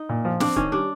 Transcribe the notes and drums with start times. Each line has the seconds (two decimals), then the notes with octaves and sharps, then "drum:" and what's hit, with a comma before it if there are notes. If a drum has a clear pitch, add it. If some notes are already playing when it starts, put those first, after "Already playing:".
Already playing: D#4
0.09 A#2
0.25 F3
0.40 C4 D4, drum: snare
0.56 D#3 C#4, drum: kick C#1
0.72 G3 D4